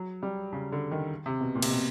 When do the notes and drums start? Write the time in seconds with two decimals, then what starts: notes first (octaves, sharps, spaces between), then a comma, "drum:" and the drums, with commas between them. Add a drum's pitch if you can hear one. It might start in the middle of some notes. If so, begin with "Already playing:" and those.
Already playing: F#3
0.23 G3
0.53 C#3
0.72 D3
0.91 D#3
1.26 C3
1.41 B2
1.55 A#2
1.62 C3, drum: cymbal
1.71 B2